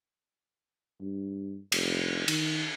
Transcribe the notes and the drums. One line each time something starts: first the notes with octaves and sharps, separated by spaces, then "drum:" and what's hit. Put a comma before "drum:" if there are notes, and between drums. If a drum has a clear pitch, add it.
G2
F1, drum: cymbal
D#3, drum: cymbal